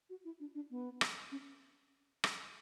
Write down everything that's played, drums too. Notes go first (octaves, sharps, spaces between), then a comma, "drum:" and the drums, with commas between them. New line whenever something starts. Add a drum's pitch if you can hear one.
F#4
E4
D4
D4
B3
drum: rim click
C#4
drum: rim click